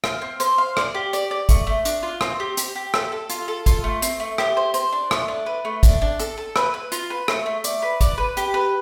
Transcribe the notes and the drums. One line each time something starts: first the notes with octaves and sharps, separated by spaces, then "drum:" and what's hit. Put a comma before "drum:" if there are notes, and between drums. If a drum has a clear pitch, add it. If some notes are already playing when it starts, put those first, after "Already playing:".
F5, drum: rim click
C4
C5, drum: hi-hat
F5
D5, drum: rim click
G4
D5, drum: hi-hat
D5
A3, drum: kick, hi-hat
A3
D4, drum: hi-hat
F4
C4, drum: rim click
G4
G4, drum: hi-hat
G4
A4, drum: rim click
A4
F4, drum: hi-hat
A4
F4, drum: kick, hi-hat
A3
C4, drum: hi-hat
A3
G4, drum: rim click
C5
C5, drum: hi-hat
D4
A3, drum: rim click
D4
B4
A3
D4, drum: kick, hi-hat
D4
A4, drum: hi-hat
A4
B4, drum: rim click
B4
F4, drum: hi-hat
B4
A3, drum: rim click
A3
D5, drum: hi-hat
B4
D5, drum: kick, hi-hat
B4
G4, drum: hi-hat
B4